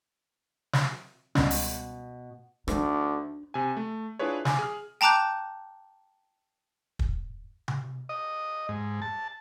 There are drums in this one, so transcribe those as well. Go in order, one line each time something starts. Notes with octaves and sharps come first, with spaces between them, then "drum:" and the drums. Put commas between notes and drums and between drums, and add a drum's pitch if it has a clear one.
drum: snare
C#2 B2 G3 C#4, drum: snare
drum: open hi-hat
D2 D4 D#4, drum: rim click
C3 G#5
A3
D4 E4 F4 G#4 B4 C#5
G#5 D6, drum: snare
G#4 F6
G5 A5 A#5 D6 F#6 G6
drum: kick
drum: tom C3
D#5
G#2
A5